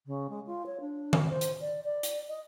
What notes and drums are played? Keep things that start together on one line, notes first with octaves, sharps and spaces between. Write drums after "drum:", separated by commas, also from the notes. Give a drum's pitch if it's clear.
C#3
G#3
F4
C#5
D4
drum: tom D#3
C5
drum: hi-hat
D5
D5
drum: hi-hat
D#5